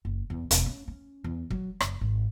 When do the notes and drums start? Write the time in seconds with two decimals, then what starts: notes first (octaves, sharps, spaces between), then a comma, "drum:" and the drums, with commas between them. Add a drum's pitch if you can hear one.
0.05 F#1
0.30 E2
0.51 E1, drum: hi-hat
0.66 C#4
0.88 C#4
1.24 E2
1.50 F#3, drum: kick
1.80 F#1, drum: rim click
2.01 G#1